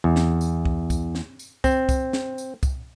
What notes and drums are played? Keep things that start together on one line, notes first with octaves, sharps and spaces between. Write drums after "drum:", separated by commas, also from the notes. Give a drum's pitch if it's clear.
E2
drum: snare
drum: tambourine
drum: kick C2
drum: kick C2, tambourine
drum: snare
drum: tambourine
C4, drum: kick C2, tambourine
drum: kick C2, tambourine
drum: snare
drum: tambourine
drum: kick C2, tambourine